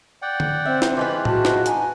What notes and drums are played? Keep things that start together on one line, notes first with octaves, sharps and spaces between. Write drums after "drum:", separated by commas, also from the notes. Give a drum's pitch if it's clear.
D5 F#5 G5
drum: tom D3
C4 E5
drum: snare
E3 G#3 F4 G4 B4
F#4 A5, drum: tom A2
drum: snare
D#4 G#5, drum: hi-hat